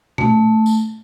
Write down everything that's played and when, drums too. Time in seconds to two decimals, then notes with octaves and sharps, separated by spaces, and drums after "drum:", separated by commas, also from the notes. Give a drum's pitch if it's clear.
0.18 A3, drum: tom A#2
0.66 drum: tambourine